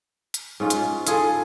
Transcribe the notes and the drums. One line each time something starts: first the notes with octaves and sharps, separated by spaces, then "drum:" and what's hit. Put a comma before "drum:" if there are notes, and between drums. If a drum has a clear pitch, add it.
drum: hi-hat
G#2 C#4 F4
drum: hi-hat
E4 F4 G#4 A4, drum: hi-hat